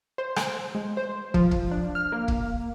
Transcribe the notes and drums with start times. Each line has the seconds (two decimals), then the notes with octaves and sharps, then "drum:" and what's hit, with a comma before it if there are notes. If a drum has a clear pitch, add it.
0.18 C5
0.36 drum: rim click
0.75 G#3
0.97 C5
1.34 F3, drum: kick
1.51 drum: kick
1.71 D4
1.95 F6
2.12 A#3
2.28 drum: kick